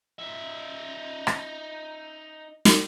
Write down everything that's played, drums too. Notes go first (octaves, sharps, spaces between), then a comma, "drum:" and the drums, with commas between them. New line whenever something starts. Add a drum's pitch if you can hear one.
D#4 E5
drum: rim click
drum: snare